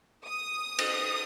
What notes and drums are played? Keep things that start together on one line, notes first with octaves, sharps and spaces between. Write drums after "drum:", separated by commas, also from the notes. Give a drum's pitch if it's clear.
D#6
drum: cymbal